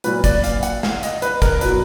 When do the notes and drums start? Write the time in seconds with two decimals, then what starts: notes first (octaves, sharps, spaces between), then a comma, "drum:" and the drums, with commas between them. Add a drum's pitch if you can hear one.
0.04 A#2 F#3 B4, drum: hi-hat
0.24 D5, drum: kick, hi-hat
0.44 F5, drum: hi-hat
0.63 F#5, drum: hi-hat
0.83 F5, drum: snare
1.03 D#5, drum: hi-hat
1.22 B4, drum: hi-hat
1.42 A#4, drum: kick, hi-hat
1.61 B2 F#3 B4, drum: hi-hat